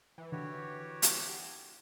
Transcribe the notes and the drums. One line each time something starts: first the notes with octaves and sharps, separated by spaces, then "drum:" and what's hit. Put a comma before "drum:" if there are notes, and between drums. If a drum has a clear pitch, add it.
E3
D3 F#4 G4 C#5
drum: hi-hat